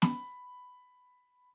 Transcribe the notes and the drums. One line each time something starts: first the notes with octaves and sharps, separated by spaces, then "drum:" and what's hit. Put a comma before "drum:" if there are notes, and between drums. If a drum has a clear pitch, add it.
B5, drum: snare